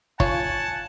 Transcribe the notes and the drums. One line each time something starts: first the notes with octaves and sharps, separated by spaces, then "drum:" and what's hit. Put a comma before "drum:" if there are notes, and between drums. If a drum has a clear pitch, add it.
F4 C#5 F#5 G#5 A5, drum: kick